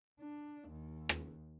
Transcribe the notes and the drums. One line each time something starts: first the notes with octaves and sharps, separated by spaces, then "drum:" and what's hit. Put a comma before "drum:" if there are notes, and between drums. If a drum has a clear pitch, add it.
D4
D#2
drum: rim click